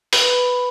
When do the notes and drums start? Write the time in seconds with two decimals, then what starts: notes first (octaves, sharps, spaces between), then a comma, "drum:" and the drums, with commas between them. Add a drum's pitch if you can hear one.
0.13 B4, drum: open hi-hat